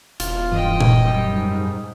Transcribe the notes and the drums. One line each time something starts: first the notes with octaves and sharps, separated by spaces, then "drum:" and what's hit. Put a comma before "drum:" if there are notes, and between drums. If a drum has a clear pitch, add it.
E1 F4, drum: hi-hat
G2 E3 D#5 G5
drum: tom A#2
F#2 G3 D#6
G#2